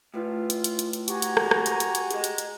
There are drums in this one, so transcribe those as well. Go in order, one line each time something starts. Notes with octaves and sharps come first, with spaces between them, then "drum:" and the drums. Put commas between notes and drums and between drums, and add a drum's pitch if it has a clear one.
A2 F4 B4
drum: hi-hat
drum: hi-hat
drum: hi-hat
drum: hi-hat
F#4 G4 G#5 A#5, drum: hi-hat
drum: hi-hat
drum: rim click
drum: rim click
drum: hi-hat
drum: hi-hat
drum: hi-hat
G#4 D#5, drum: hi-hat
drum: hi-hat
drum: hi-hat